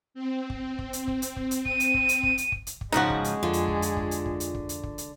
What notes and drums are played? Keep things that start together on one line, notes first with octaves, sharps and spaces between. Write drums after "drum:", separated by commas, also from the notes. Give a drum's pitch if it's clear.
C4
drum: kick
drum: kick
drum: hi-hat
drum: kick
drum: hi-hat
drum: kick
drum: hi-hat
D#7, drum: kick
drum: hi-hat
drum: kick
drum: hi-hat
drum: kick
drum: hi-hat
drum: kick
drum: hi-hat
drum: kick
G#2 C#3 F3 G#3 D#4 F#4
drum: kick
drum: hi-hat
F2 D3 F4
drum: hi-hat
drum: kick
drum: hi-hat
drum: kick
drum: hi-hat
drum: kick
drum: hi-hat
drum: kick
drum: hi-hat
drum: kick
drum: hi-hat